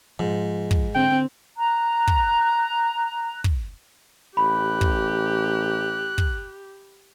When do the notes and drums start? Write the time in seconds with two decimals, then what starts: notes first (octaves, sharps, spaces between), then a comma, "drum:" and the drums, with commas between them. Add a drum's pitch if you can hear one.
0.19 G#2 F3
0.71 drum: kick
0.95 D3 C4 G5
1.57 A#5 F#6
2.07 drum: kick
3.44 drum: kick
4.37 A1 G4 B5 F#6
4.81 drum: kick
6.18 drum: kick